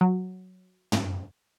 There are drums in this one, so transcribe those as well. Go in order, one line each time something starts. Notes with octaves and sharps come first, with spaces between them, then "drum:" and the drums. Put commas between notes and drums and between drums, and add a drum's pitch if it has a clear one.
F#3
drum: tom